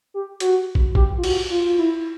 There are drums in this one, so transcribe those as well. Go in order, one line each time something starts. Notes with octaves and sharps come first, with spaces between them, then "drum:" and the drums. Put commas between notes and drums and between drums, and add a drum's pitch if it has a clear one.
G4
F#4, drum: hi-hat
drum: kick
G4, drum: kick
F4
F#4, drum: cymbal
F4
E4